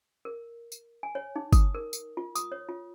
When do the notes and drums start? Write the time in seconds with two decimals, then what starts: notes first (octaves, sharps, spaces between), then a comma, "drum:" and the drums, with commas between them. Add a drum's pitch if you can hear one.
0.25 A#4
0.72 drum: tambourine
1.03 G#5
1.15 C#5
1.36 D#4
1.53 D#6, drum: kick G1, tambourine
1.75 A#4
1.93 drum: tambourine
2.17 F4
2.35 D#6, drum: tambourine
2.52 C#5
2.69 F4